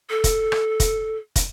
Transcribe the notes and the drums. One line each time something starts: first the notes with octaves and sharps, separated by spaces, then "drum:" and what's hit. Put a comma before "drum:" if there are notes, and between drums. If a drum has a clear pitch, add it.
A4
drum: kick, hi-hat
drum: rim click
drum: kick, hi-hat
drum: kick, hi-hat